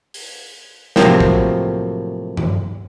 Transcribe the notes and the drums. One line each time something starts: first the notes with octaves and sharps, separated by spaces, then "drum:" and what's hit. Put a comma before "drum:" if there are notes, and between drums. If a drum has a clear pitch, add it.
drum: open hi-hat
A2 C3 F3 F#3 A#3 C4, drum: snare
drum: kick
drum: tom G2